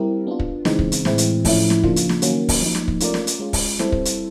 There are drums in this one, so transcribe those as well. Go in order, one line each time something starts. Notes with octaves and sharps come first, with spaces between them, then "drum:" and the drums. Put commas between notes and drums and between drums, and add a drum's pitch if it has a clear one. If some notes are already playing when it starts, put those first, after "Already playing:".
Already playing: G3 C4 E4 G4 A#4
B3 D4 F4
drum: kick
C#3 E3 G#3 C4 D#4, drum: snare
drum: kick
drum: hi-hat
A2 E3 G#3 C4 E4, drum: snare
drum: hi-hat
A2 F3 A3 C#4 E4, drum: kick, open hi-hat
drum: snare
C#3 F3 A#3 D4 F4, drum: kick
drum: hi-hat
drum: snare
D#3 F#3 A#3 C#4 F#4, drum: hi-hat
drum: kick, open hi-hat
F3 A#3 D#4
drum: snare
drum: kick
A3 C#4 F4 A#4 D5, drum: hi-hat
drum: snare
drum: hi-hat
G#3 C#4 F4
drum: kick, open hi-hat
G3 C4 E4 A4 C5, drum: snare
drum: kick
drum: hi-hat